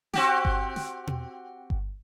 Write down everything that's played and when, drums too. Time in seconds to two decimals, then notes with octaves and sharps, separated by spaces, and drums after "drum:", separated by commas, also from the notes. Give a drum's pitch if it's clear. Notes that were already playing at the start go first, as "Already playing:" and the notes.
0.13 C4 F#4 G4, drum: snare
0.45 drum: kick G1
0.76 drum: snare
1.07 drum: tom B2
1.70 drum: kick G1